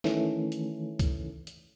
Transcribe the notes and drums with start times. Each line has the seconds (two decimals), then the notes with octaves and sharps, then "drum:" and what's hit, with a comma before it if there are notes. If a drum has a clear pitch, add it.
0.04 D#3 E3 A3 C#4, drum: snare
0.52 drum: hi-hat
0.99 drum: kick C2, hi-hat
1.47 drum: hi-hat